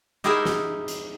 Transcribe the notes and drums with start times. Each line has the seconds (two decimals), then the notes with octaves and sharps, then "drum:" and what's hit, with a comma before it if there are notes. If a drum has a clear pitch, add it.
0.24 D#4 E4 G4 G#4 A#4 E5
0.45 drum: snare
0.88 drum: hi-hat